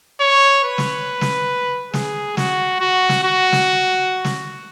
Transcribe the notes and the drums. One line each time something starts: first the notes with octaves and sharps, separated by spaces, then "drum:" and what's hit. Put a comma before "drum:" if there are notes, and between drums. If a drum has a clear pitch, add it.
C#5
B4
drum: snare
drum: snare
G#4, drum: snare
F#4, drum: snare
F#4
drum: snare
F#4
drum: snare
drum: snare